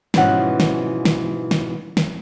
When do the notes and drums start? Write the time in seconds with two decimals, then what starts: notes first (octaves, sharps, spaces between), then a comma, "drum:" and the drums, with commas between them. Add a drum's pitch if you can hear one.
0.14 G#2 B2 E3 F3 C#4 F#5, drum: snare
0.60 drum: snare
1.05 drum: snare
1.51 drum: snare
1.97 drum: snare